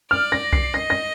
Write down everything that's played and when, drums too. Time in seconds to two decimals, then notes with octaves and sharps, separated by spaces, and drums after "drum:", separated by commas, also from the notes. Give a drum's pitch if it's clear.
0.11 D5 F6
0.32 A#6
0.53 C7, drum: kick B1
0.74 D#5 A#6
0.90 A#6